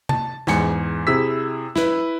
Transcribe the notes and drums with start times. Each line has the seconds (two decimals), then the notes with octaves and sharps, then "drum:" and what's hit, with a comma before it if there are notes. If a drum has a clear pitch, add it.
0.09 A5, drum: tom C3
0.47 E2 G#2 G#5 C#7, drum: snare
1.07 C3 E4 G#4 E6 B6
1.75 E4 B4, drum: snare